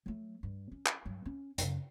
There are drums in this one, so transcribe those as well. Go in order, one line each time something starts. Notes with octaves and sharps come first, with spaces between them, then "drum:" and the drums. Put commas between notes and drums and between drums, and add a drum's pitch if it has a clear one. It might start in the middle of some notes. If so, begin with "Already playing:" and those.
F#3 A3
G2
C#4
drum: clap
G2 F#3
C#4
F#2 C#3, drum: hi-hat